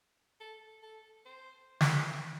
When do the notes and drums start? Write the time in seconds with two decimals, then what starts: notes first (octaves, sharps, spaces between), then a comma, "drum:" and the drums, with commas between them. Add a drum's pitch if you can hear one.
0.40 A4
0.82 A4
1.26 C5
1.81 drum: snare
2.02 B4
2.11 C5